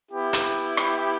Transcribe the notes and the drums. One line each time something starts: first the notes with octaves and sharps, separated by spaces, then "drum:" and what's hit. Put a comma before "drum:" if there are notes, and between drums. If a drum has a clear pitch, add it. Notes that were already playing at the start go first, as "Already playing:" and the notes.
B3 E4 G4
drum: hi-hat
drum: rim click